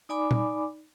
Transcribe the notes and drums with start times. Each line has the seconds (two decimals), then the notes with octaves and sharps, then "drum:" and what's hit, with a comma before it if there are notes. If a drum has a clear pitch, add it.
0.09 D#4 D5 G#5 B5 D6
0.31 drum: tom A#2